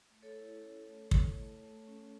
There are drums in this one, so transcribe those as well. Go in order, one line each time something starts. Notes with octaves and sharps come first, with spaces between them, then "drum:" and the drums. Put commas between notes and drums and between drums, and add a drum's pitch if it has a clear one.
A3
A4 C#5
E4
C#4
A3
E4, drum: kick
A3
A3
C#4